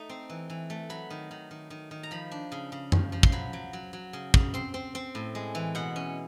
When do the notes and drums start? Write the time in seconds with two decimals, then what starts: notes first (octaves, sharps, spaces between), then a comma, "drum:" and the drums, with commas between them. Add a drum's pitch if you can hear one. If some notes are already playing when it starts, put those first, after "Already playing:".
Already playing: A3 D#4
0.09 C4
0.30 E3
0.50 E3
0.70 A3
0.90 F#3 B5
1.10 D#3
1.31 D#3
1.51 D#3
1.70 D#3
1.91 D#3
2.03 A#5
2.11 F3 B5
2.31 D4
2.52 C#3
2.72 C#3
2.92 F3, drum: tom F#2
3.12 F3
3.23 C6, drum: kick
3.32 F#3 B5
3.53 F#3
3.73 F#3
3.93 F#3
4.13 C#3
4.34 C#3, drum: kick
4.54 C4 C6
4.74 C4
4.95 C4
5.15 A2
5.35 G#3
5.55 E3
5.75 B2 F#5
5.96 C#4